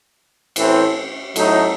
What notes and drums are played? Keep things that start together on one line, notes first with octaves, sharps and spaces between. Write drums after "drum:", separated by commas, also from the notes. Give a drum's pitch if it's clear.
A2 E3 C4, drum: cymbal
A2 F#3 A3 D#4, drum: cymbal